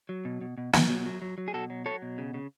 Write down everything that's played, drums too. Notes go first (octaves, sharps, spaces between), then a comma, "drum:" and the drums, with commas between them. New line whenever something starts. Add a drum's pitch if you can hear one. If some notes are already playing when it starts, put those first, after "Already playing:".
F#3
B2
B2
B2
B2, drum: snare
F#3
F#3
F#3
F#3
G#4
B2 F#4 A4
F#3
F#3 A4 C#5
B2
C#3
C#3